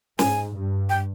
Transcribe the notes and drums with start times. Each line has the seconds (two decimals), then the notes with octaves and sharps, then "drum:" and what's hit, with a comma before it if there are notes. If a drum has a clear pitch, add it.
0.19 G#2 G#5, drum: snare
0.55 G2
0.89 G5